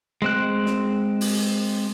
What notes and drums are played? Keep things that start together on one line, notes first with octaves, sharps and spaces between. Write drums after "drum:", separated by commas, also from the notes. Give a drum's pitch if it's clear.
G#3 C4 F#6
drum: snare
drum: open hi-hat